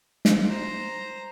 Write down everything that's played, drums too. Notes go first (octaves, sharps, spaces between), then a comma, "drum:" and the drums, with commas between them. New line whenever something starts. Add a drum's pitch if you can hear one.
drum: snare
C5 A#5